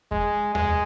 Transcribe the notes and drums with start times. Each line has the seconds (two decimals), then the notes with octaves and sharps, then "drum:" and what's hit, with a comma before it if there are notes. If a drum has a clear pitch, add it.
0.11 G#3, drum: kick E2
0.55 G#3, drum: tom D#2